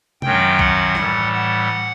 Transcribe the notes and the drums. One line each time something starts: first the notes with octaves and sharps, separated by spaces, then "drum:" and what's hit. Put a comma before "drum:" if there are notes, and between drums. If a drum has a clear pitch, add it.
F#2 D#3 F#3 G5, drum: tom C3
F#5, drum: kick A#1
A2 E3 G3, drum: rim click
F#5